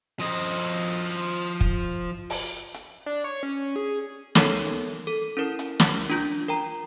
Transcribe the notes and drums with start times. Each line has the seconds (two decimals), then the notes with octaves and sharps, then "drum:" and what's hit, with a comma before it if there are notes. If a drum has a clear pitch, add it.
0.20 F3 D#5
1.61 drum: kick
2.30 drum: open hi-hat
2.74 drum: hi-hat
3.06 D4
3.24 C#5
3.43 C#4
3.76 G#4
4.35 B3 D#4 A4 A#4 C#5 C7, drum: snare
5.07 A4
5.37 C#4 E4 A#4
5.59 drum: hi-hat
5.80 drum: snare
6.10 D4 F4 G6
6.48 A#4 G5 A#5